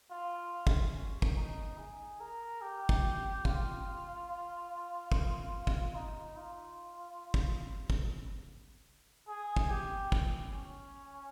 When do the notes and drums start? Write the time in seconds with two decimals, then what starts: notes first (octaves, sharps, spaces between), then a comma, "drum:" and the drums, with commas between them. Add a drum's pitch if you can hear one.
0.11 F4
0.67 drum: kick
0.94 C#4
1.22 drum: kick
1.36 D#4
1.78 G#4
2.20 A#4
2.62 G4
2.89 drum: kick
3.45 F4, drum: kick
5.12 drum: kick
5.67 drum: kick
5.95 D#4
6.37 F4
7.34 drum: kick
7.90 drum: kick
9.28 G#4
9.56 drum: kick
9.70 G4
10.12 drum: kick
10.54 C#4